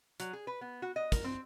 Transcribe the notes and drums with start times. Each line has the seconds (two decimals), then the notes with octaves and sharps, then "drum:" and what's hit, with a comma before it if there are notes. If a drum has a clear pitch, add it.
0.20 F#3, drum: hi-hat
0.33 G#4
0.47 B4
0.61 B3
0.82 F#4
0.96 D#5
1.12 A#4, drum: kick, hi-hat
1.24 C4